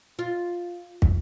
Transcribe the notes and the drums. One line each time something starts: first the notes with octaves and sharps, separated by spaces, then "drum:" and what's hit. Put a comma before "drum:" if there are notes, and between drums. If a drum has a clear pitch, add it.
F4
drum: kick